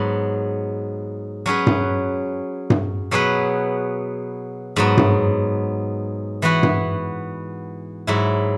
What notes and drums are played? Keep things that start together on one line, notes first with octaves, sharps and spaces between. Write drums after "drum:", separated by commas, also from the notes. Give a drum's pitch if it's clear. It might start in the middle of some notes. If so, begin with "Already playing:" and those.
Already playing: G#2 F#3 B3
F#3 C#4 G#4 B4
drum: tom G2
drum: tom G2
B2 F#3 B3 G#4 B4
G#2 F#3 B3
drum: tom G2
E3 B3 F#4 B4
drum: tom G2
G#2 F#3 E4